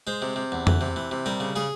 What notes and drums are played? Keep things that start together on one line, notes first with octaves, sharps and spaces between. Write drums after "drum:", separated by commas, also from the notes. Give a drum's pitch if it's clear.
G#3 C5
C3
C3
E2
E3, drum: tom F2
C3
E3
C3
G3 A#4
C#3
C#3 G#4